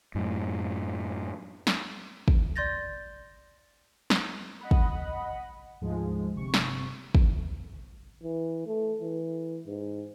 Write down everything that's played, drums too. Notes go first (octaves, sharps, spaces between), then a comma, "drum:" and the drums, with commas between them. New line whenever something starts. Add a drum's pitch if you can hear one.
F#2 A2
drum: snare
drum: kick
D5 C6 G6 A6 A#6
drum: snare
D#5 F#5 B5
drum: kick
D2 G#2 F3 G#3
G1 C3 C#6
drum: snare
drum: kick
E3
A3
E3
G#2